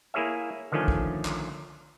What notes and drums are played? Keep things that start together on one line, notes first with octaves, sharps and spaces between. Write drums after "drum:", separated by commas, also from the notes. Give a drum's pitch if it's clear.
A#3 E4 G#4 C#5 E5
D3 D#3 F3 A3 C#4
drum: kick
drum: clap